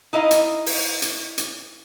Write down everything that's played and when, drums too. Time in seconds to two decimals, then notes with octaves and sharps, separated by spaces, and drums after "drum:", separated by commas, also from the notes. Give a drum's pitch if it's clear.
0.13 D#4 E4 D#5 F5
0.31 drum: hi-hat
0.66 drum: open hi-hat
1.02 drum: hi-hat
1.38 drum: hi-hat